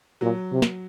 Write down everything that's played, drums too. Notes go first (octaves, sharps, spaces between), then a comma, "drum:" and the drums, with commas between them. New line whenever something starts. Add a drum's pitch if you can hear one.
A#2 F#3
C3
drum: snare